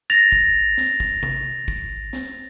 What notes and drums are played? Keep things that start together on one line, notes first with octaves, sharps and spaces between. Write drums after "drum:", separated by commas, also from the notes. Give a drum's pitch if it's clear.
A6 A#6 F7
drum: kick
drum: snare
drum: kick
drum: tom C3
drum: kick
drum: snare